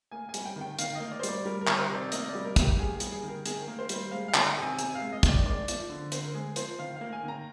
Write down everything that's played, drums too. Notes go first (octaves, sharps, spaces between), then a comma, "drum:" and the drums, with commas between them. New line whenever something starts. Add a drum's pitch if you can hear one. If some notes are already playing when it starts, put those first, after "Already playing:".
A#3 G#5
G#5
G3, drum: hi-hat
G5
D#3
G5
D#3 F5, drum: hi-hat
D#5
A#3
D5
C5
G3, drum: hi-hat
D5
G3 A#4
A#4
D#3, drum: clap
C5
C3
D5
A#3 D#5, drum: hi-hat
D5
G3
A#4
D#3, drum: kick, hi-hat
G4
A#3 G#4
G#4
G3, drum: hi-hat
G#4
D#3
A#4
D#3 G#4, drum: hi-hat
A#4
A#3
C5
G3, drum: hi-hat
C5
G#3 F5
F5
D#3, drum: clap
A#5
C3
G#5
C3 G#5, drum: hi-hat
F5
G#3
D#5
D#3, drum: kick, hi-hat
D5
G#3 D5
F3, drum: hi-hat
D3
D3 C5, drum: hi-hat
A#4
G#3 G#4
F3 C5, drum: hi-hat
D#3 F5
A#3 F5
G#5
D#3 A#5